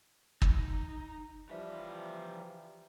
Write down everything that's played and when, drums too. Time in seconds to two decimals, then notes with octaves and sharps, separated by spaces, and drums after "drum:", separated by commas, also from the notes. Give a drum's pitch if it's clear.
0.42 D#4, drum: kick
1.49 C#3 E3 F3 G3 E5